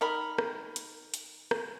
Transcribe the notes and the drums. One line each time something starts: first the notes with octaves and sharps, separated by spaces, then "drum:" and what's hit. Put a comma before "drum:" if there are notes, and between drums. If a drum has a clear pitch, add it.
D#3 A#4 B5
drum: rim click
drum: hi-hat
drum: hi-hat
drum: rim click